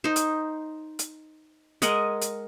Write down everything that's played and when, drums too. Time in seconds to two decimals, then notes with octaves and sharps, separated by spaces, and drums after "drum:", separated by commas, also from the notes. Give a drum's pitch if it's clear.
0.04 D#4 C5
0.16 drum: hi-hat
0.99 drum: hi-hat
1.82 G#3 A#4 D#5 F#5, drum: hi-hat
2.21 drum: hi-hat